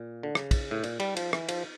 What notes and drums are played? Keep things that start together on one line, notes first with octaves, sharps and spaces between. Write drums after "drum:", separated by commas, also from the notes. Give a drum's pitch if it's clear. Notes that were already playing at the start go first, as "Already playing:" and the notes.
Already playing: A#2
D3
C#3, drum: rim click
drum: kick, cymbal
A2
A#2, drum: cymbal
G3, drum: cymbal
F3, drum: cymbal
E3, drum: rim click
F3, drum: cymbal